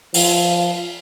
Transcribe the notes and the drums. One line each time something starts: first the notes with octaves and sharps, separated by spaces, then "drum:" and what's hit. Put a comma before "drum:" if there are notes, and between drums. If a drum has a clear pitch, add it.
F3, drum: open hi-hat